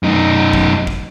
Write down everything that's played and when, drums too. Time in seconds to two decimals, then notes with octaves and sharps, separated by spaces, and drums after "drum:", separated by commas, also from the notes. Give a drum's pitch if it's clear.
0.03 F#2 D#4
0.53 drum: kick
0.87 drum: kick